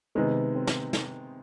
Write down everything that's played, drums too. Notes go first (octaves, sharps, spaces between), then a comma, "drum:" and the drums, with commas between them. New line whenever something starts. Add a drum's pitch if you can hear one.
C3 D#3 G#3 B3
C4
drum: snare
drum: snare